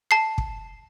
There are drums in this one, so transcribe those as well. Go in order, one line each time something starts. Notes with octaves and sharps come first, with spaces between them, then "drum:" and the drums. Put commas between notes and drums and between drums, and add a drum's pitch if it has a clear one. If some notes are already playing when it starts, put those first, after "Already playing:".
A5 C7
drum: kick